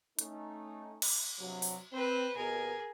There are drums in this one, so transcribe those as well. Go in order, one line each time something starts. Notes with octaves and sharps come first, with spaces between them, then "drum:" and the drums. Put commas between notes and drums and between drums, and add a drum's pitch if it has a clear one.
A3 C#4 D#4, drum: hi-hat
drum: cymbal
G2 C3 F#3
drum: open hi-hat
C4 B4 C5
D#2 B2 G#4 A#4